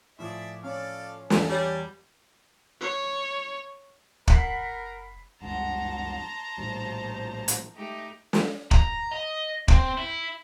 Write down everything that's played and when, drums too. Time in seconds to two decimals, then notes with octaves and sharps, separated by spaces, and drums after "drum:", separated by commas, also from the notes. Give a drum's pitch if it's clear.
0.19 A2 F3 G#4 D5 E5
0.63 C#4 A4 D5 F5
1.30 E2 D5 G#5 A5, drum: snare
1.50 G3 C#5
2.81 C#5
4.28 F#1 A#4 F#5 B5 B6 C7, drum: kick
5.42 F#1 C#2 G2 F#5 A5 A#5 C6
6.58 A#1 A2 G3 C5
7.48 drum: hi-hat
7.75 A3 D#4 G4
8.33 drum: snare
8.71 A#5, drum: kick
9.11 D#5
9.68 C4, drum: kick
9.97 E4